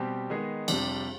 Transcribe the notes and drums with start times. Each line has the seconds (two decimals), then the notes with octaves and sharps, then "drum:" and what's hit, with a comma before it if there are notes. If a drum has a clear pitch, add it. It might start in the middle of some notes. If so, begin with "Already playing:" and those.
Already playing: B2 G3 C4 G4
0.30 D#3 G#3 B3 D#4 G#4
0.68 F2 C3 G3 D4, drum: cymbal